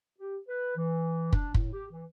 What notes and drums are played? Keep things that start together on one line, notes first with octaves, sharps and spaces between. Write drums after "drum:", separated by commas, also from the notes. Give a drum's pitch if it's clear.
G4
B4
E3
D4, drum: kick
A2, drum: kick
G4
E3